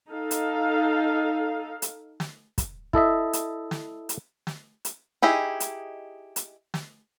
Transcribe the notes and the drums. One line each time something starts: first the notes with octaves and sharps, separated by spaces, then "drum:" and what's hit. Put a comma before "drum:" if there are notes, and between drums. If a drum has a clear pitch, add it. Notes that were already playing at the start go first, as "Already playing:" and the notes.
D#4 A4 F5
drum: hi-hat
drum: hi-hat
drum: snare
drum: kick, hi-hat
E4 A4 D#5 E5, drum: kick
drum: hi-hat
drum: snare
drum: hi-hat
drum: snare
drum: hi-hat
D#4 E4 G4 G#4 D#5
drum: hi-hat
drum: hi-hat
drum: snare